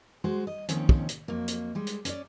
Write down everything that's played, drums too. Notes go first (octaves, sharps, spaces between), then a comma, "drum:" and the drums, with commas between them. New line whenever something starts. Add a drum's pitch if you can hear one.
G#3 F#4 C5
D#5
D#2 D#3 F3 C4 C#4, drum: hi-hat
drum: kick
drum: hi-hat
F2 F#3 A#3
drum: hi-hat
G3 G#3
drum: hi-hat
C#4 C#5 D5, drum: hi-hat